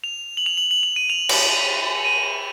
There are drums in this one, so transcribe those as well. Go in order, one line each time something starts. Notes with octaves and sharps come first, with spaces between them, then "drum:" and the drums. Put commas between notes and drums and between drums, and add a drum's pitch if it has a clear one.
F7
F#7
F7
F#7
F#7
F7
D#7
F7
drum: cymbal
D#7